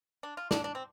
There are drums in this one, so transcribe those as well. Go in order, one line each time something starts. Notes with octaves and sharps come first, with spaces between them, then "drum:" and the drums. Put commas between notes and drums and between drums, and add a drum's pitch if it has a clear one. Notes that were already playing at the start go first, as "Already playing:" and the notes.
D4
F4
D4, drum: snare
D4
C4